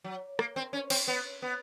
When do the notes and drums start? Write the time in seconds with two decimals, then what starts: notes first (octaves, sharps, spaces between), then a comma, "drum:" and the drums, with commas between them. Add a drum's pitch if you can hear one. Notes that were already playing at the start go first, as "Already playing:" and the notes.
0.04 F#3
0.39 A#3, drum: rim click
0.56 C4
0.73 C#4
0.90 C4, drum: cymbal
1.08 B3
1.42 B3